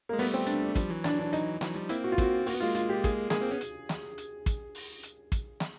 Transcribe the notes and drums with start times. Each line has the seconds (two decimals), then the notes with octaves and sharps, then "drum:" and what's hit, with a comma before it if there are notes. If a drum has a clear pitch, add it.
0.09 A#3
0.13 G#3
0.19 G3 A3 B3, drum: open hi-hat
0.34 C4
0.47 D4, drum: hi-hat
0.75 F3 G3, drum: kick, hi-hat
0.90 E3 F#3
1.04 D4, drum: snare
1.19 D4
1.33 D#4, drum: hi-hat
1.61 E3 F#3, drum: snare
1.75 F3 G3
1.89 A#3 C4 E4, drum: hi-hat
2.04 F#4
2.12 F4
2.18 A#3 C4 F#4, drum: kick, hi-hat
2.47 A#3 F#4, drum: open hi-hat
2.54 B3
2.60 G#3 A#3 F4
2.75 F4, drum: hi-hat
2.89 G4
3.04 G#4, drum: kick, hi-hat
3.30 G#3 A#3 G#4, drum: snare
3.41 A#3 C4
3.51 B3 C#4
3.61 drum: hi-hat
3.89 drum: snare
4.18 drum: hi-hat
4.46 drum: kick, hi-hat
4.75 drum: open hi-hat
5.03 drum: hi-hat
5.32 drum: kick, hi-hat
5.60 drum: snare